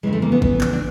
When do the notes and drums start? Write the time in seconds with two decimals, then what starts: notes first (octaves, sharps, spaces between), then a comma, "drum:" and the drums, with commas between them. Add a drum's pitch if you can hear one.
0.03 F2 C#3 E3 G#3
0.13 A3
0.22 A#3
0.32 B3
0.42 B3, drum: kick
0.61 drum: clap
0.73 D4